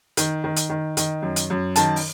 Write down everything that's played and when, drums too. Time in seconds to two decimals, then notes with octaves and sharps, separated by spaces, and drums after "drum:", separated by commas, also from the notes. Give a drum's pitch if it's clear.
0.17 D#3, drum: hi-hat
0.44 D#3
0.57 drum: hi-hat
0.70 D#3
0.97 D#3, drum: hi-hat
1.22 F#2
1.36 drum: hi-hat
1.50 F#2
1.76 D#3 A5, drum: hi-hat
1.96 drum: open hi-hat